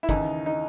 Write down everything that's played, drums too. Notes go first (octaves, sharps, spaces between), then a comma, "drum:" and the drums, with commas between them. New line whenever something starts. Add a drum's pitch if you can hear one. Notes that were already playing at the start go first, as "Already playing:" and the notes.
E4
D#2 C#3 E3 D#4, drum: kick, hi-hat
D#4